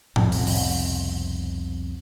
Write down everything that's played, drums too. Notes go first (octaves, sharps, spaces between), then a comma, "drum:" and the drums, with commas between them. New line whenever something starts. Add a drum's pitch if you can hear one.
F1 C2 F2 B2, drum: tom A2
drum: open hi-hat
drum: open hi-hat